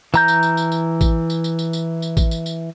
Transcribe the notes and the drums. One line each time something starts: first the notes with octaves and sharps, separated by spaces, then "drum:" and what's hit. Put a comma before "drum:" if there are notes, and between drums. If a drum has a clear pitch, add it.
E3 A#5 G6, drum: tambourine
drum: tambourine
drum: tambourine
drum: tambourine
drum: tambourine
drum: kick A1, tambourine
drum: tambourine
drum: tambourine
drum: tambourine
drum: tambourine
drum: tambourine
drum: kick A1, tambourine
drum: tambourine
drum: tambourine